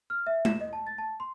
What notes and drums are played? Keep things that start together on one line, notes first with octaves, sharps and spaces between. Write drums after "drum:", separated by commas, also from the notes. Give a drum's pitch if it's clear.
F6
E5
E7, drum: tom G#3
D#5
A5
A6
A5
C6